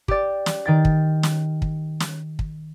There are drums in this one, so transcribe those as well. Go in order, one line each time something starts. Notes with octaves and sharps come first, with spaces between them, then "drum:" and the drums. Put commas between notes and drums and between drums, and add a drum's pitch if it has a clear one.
G4 D5, drum: kick
drum: snare
D#3 G5 A6
drum: kick
drum: snare
drum: kick
drum: snare
drum: kick